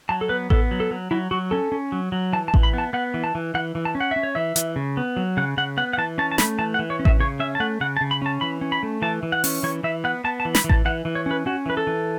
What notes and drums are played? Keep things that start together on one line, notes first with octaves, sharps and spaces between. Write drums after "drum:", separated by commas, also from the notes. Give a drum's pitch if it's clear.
F#3 A5
A4
B3 B4
B3 A4, drum: kick A1
F#3
A4
F#3
F#3 E4
F#3 F#4
C#4 A4
C#4
F#3
F#3
E3 A5
A5
E3, drum: kick A1
B5
B3 A5
B3 F#5
E3
A5
E3
E3 F#5
E3
A5
C#4
F#5
C#4 E5
C#5
E3 E5
E3, drum: hi-hat
C#3
B3
F#3
C#3 F#5
C#3 F#5
B3 F#5
F#5
E3 A5
C#4 A5
A5
A3 B5, drum: snare
E3 A5
F#5
E3
C#5
C#4
E5, drum: kick A1
C#3 C#5
C#4 E5
A5
A3 F#5
C#3 F#5
A5
C#3
B5
C#4 A5
E3 B5
C#4
B5
A3
E3 A5
E3
F#5
C#4, drum: open hi-hat
E3 C#5
E3 E5
B3 F#5
B3 A5
A5
E3
B5, drum: snare
E3
A5, drum: kick A1
E3 F#5
E3
C#5
C#4 B4
C#4 F#4
E3 B4
A4
E3